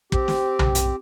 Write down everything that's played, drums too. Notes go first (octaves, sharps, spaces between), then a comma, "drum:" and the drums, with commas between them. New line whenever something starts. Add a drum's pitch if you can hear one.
C4 G4, drum: kick
drum: snare
drum: tom B1
drum: hi-hat